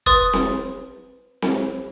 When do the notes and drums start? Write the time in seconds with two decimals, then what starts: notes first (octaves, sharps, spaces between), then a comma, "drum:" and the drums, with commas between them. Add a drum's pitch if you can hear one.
0.06 B4 C6 D#6 A6, drum: kick
0.33 drum: snare C4
1.42 drum: snare C4